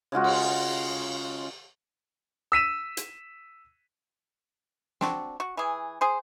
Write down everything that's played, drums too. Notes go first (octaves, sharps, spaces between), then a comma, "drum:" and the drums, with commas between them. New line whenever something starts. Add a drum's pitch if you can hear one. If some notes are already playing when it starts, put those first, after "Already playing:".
C#3 G#3 F4 F#4
drum: cymbal
E6 B6 D#7 E7
drum: hi-hat
C4 D4 F#4, drum: snare
F#4
E3 G#4
G#4 C5